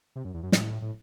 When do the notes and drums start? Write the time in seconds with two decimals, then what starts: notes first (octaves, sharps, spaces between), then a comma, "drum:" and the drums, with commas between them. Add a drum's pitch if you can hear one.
0.16 C3
0.25 F#2
0.34 E2
0.43 F#2
0.52 A2, drum: snare
0.82 A2